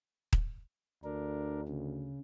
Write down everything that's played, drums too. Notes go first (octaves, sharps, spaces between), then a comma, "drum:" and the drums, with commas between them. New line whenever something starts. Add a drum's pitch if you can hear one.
drum: kick D#1
D2 D4 A#4
C#3